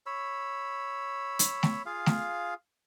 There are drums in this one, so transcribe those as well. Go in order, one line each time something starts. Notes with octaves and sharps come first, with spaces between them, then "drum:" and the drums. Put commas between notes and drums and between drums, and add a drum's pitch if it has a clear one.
C#5 B5 E6
drum: hi-hat
drum: snare A3
F4 G#4 F5
drum: snare A3